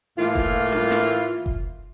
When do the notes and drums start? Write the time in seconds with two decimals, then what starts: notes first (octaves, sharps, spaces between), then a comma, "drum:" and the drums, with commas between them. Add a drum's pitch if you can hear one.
0.17 A2 E3 A#3 F4
0.36 drum: kick F1
0.72 drum: tom D4
0.91 drum: snare
1.46 drum: kick F1